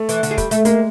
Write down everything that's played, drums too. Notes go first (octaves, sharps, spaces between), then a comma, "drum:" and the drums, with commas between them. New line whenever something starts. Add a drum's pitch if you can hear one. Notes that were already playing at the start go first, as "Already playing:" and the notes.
Already playing: A3
E3, drum: hi-hat
D3, drum: hi-hat
G#3
G3, drum: kick, hi-hat
A3, drum: hi-hat
G#3 A#3, drum: hi-hat